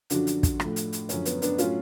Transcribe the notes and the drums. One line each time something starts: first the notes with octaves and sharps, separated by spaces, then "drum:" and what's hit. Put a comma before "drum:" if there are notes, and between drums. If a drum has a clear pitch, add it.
F#2 D3 F3 D4 F#4, drum: hi-hat
drum: hi-hat
drum: kick, hi-hat
A2 F3, drum: rim click
drum: hi-hat
drum: hi-hat
F#2 D3 F3 C#4, drum: hi-hat
B3, drum: hi-hat
B3 D4, drum: hi-hat
A2 F#3 C#4 F4, drum: hi-hat